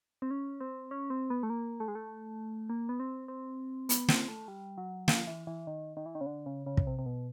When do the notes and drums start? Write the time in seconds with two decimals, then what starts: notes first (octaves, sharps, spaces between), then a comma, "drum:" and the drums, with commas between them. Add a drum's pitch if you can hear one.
0.22 C4
0.31 C#4
0.61 C4
0.91 C#4
1.10 C4
1.30 B3
1.43 A3
1.50 A#3
1.80 A3
1.88 G#3
1.95 A3
2.70 A#3
2.89 B3
3.00 C4
3.28 C4
3.89 B3, drum: hi-hat
4.08 C4, drum: snare
4.28 A3
4.48 G3
4.78 F#3
5.08 F3, drum: snare
5.27 E3
5.47 E3
5.67 D#3
5.97 D#3
6.06 E3
6.15 D#3
6.21 C#3
6.26 D3
6.46 C#3
6.66 C#3
6.77 drum: kick
6.87 C3
6.99 C3
7.06 B2